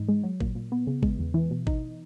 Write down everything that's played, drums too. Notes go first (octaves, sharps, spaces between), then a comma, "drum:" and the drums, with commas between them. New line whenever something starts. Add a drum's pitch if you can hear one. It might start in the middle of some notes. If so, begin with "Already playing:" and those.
Already playing: G#2 E3 D#4
G#3
F#3
A#2, drum: kick G#1
A#2
B3
C#3
G#3, drum: kick G#1
E2
E3
B2
D#4, drum: kick G#1